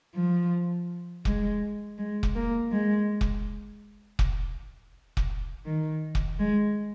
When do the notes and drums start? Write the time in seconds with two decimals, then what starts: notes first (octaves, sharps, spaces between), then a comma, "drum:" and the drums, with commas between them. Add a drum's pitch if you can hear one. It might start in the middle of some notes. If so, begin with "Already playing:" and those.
0.15 F3
1.25 G#3, drum: kick
1.98 G#3
2.23 drum: kick
2.35 A#3
2.72 G#3
3.21 drum: kick
4.19 drum: kick
5.17 drum: kick
5.66 D#3
6.15 drum: kick
6.39 G#3